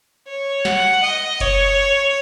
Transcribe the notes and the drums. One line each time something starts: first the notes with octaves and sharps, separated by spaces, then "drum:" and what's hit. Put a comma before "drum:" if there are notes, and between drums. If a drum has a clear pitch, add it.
C#5
F#5, drum: snare
D#5
C#5, drum: kick F#1, cymbal